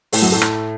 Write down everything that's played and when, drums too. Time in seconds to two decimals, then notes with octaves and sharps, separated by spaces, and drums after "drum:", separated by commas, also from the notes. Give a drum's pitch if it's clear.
0.13 A2 A3, drum: open hi-hat
0.22 F#2 F#3
0.32 A2 A3
0.42 drum: rim click